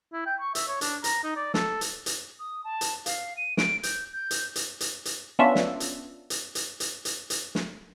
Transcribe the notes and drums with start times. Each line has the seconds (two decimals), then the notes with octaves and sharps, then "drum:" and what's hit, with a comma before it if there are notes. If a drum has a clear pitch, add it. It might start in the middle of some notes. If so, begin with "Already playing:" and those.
0.13 E4
0.26 G5
0.41 C#6
0.55 E5, drum: hi-hat
0.68 C#5
0.81 D4, drum: hi-hat
1.04 A#5, drum: hi-hat
1.23 D#4
1.36 D5
1.54 A4, drum: snare
1.81 drum: hi-hat
2.06 drum: hi-hat
2.39 D#6
2.64 A5
2.81 drum: hi-hat
3.06 F5, drum: hi-hat
3.37 D#7
3.57 D7, drum: snare
3.83 G6, drum: hi-hat
4.13 G6
4.31 drum: hi-hat
4.56 drum: hi-hat
4.80 drum: hi-hat
5.05 drum: hi-hat
5.39 B3 C#4 D4 F4 E5
5.55 drum: snare
5.80 drum: hi-hat
6.30 drum: hi-hat
6.55 drum: hi-hat
6.80 drum: hi-hat
7.05 drum: hi-hat
7.30 drum: hi-hat
7.55 drum: snare